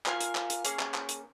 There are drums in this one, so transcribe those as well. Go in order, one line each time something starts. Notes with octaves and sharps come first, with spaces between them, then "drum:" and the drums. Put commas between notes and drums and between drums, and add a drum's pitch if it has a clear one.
F4 A#4 F5 G#5, drum: clap
drum: hi-hat
drum: clap
drum: hi-hat
A#3 C#4 G#4, drum: hi-hat
drum: clap
drum: clap
drum: hi-hat